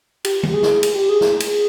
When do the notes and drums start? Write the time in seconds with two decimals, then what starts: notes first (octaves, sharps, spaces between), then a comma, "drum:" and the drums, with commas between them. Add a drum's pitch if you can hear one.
0.25 G4, drum: cymbal
0.43 drum: tom D3
0.54 G#4
0.63 drum: snare
0.83 G#4, drum: cymbal
0.95 G4
1.09 G#4
1.21 drum: snare
1.40 drum: cymbal